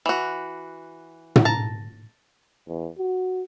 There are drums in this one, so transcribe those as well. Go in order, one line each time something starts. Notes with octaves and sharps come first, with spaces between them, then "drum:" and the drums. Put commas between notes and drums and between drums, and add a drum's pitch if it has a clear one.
E3 F#4
drum: tom
A5 A#5
E2
F#4